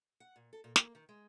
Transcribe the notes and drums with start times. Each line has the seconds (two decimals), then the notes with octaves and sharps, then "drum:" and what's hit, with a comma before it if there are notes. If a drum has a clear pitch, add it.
0.20 F#5
0.36 A#2
0.53 A4
0.64 A#2
0.76 A#3, drum: snare
0.95 D#3
1.09 G#3